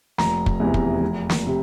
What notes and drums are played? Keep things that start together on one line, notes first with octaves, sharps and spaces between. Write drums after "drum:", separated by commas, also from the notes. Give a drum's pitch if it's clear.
F1 A#5, drum: snare
drum: kick
E2 C3 E3
drum: kick
F1
drum: snare
C3